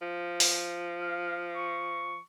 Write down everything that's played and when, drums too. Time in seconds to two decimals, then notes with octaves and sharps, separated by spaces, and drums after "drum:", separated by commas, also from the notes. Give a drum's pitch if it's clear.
0.02 F3
0.40 drum: open hi-hat
1.02 F5
1.55 C#6